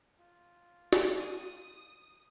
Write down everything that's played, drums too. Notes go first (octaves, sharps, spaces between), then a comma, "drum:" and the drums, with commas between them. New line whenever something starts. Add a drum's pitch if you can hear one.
F4
drum: snare
D#6